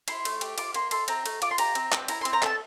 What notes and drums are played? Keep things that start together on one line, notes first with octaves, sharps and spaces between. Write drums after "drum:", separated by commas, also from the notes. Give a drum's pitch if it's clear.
E4 C6, drum: cymbal
A3, drum: cymbal
G4, drum: cymbal
F4 D6, drum: cymbal
A#3 C6, drum: cymbal
A4 C6, drum: cymbal
C4 A#5, drum: cymbal
A3, drum: cymbal
F4 D6, drum: cymbal
C6
G4 A#5, drum: cymbal
C4, drum: cymbal
C4, drum: clap
E4 A#5, drum: cymbal
C6
C4, drum: cymbal
A#5
A4 A5, drum: clap